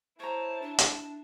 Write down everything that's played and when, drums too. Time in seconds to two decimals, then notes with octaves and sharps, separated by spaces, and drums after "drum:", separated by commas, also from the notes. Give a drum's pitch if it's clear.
0.20 E4 C5 C#5 A5 A#5
0.62 D4
0.79 drum: hi-hat